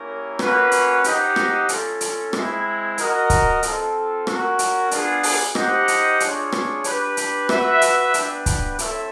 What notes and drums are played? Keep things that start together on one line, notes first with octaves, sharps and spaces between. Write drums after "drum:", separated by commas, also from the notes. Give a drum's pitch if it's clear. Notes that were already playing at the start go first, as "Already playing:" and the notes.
Already playing: A#3 C#4 E4 G4 A#4
A#3 C#4 F#4 B4, drum: rim click
drum: hi-hat
D#4 G4 C5 D#5 F#5, drum: hi-hat
drum: rim click
C#4 F4 A4, drum: hi-hat
drum: hi-hat
G#3 C4 E4, drum: rim click
F#4 A#4 D#5, drum: hi-hat
drum: kick, hi-hat
C4 F4 A4, drum: hi-hat
C#4 F#4 A#4, drum: rim click
drum: hi-hat
B3 D4 F4 G#4, drum: hi-hat
drum: open hi-hat
D#4 G4 C5 D#5 F#5, drum: rim click
drum: hi-hat
D4 F4 G#4 C#5, drum: hi-hat
drum: rim click
D4 G4 B4, drum: hi-hat
drum: hi-hat
F#4 B4 E5, drum: rim click
drum: hi-hat
B3 D4 G4 B4, drum: hi-hat
drum: kick, hi-hat
C4 E4 A4 C#5 E5, drum: hi-hat